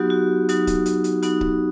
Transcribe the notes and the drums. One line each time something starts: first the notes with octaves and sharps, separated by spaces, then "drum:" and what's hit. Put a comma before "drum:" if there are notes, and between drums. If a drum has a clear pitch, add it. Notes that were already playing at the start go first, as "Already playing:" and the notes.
Already playing: F#3 B3 D#4 F#4 G4
F#4
F#3 B3 D#4 F#4, drum: hi-hat
drum: kick C#1, hi-hat
drum: hi-hat
drum: hi-hat
F#3 B3 D#4 F#4, drum: hi-hat
drum: kick C#1